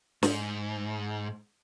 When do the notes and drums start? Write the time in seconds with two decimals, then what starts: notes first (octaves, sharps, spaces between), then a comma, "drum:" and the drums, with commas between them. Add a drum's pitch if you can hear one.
0.23 G#2, drum: snare